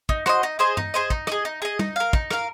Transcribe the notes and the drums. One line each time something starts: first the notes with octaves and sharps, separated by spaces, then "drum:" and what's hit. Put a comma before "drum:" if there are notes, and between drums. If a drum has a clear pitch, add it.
D#4, drum: kick
F#4 C5 D#5, drum: rim click
D#4
G#4 C5 D#5
D#4, drum: tom G2
G#4 C5 D#5
D#4, drum: kick
G#4 D#5, drum: rim click
D#4
G#4 D#5
D#4, drum: tom
A#4 F5
D#4, drum: kick
A#4 F5, drum: rim click